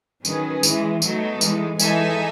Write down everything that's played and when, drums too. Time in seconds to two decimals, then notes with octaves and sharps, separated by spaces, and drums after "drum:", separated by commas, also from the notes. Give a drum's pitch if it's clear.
0.25 D#3 F#3 C#4 G#4 B4, drum: tambourine
0.63 E3 G#3, drum: tambourine
1.02 F#3 A3 B3 D#4 A4, drum: tambourine
1.41 E3 G#3, drum: tambourine
1.80 E3 G#3 D#4 A4 E5 G#5, drum: tambourine